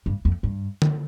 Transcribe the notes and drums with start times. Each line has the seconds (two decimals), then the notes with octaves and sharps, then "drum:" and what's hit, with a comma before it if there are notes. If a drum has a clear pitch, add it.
0.06 G2
0.25 F2
0.43 G2
0.82 drum: tom D3